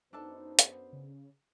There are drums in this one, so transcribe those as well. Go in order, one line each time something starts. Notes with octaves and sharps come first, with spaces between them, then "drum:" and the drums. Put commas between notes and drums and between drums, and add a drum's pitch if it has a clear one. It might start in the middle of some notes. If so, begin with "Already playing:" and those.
F#2 B3 D4 D#4 A4 C5 A5
drum: hi-hat
C#3